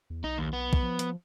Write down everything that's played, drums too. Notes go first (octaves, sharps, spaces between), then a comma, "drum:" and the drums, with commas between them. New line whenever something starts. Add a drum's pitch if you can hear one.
E2
B1 D#4
D#2
B3
drum: kick
F3
F3, drum: hi-hat